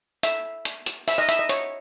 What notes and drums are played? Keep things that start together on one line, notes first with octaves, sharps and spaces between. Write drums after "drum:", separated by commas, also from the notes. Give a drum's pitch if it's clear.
E5, drum: hi-hat
drum: hi-hat
drum: hi-hat
E5, drum: open hi-hat
D#5
E5, drum: hi-hat
D#5
C#5, drum: hi-hat